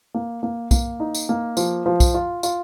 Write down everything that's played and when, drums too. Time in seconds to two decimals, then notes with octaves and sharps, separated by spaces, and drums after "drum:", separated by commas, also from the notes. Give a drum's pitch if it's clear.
0.14 A#3
0.43 A#3
0.71 A#3, drum: kick, tambourine
1.00 D#4
1.14 drum: tambourine
1.29 A#3
1.57 F3, drum: tambourine
1.86 F3
2.00 drum: kick, tambourine
2.14 F4
2.43 F4, drum: tambourine